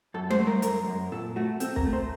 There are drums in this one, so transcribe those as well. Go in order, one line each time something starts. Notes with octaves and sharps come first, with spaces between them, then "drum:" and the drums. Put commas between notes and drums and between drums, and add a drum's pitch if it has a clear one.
F#2 A4
C5, drum: tom G3
A3
A#4
F#2 A#4, drum: hi-hat
F#2
A#2 A4
A3 F#4
C4 A4, drum: hi-hat
A#4, drum: kick B1
A3
C5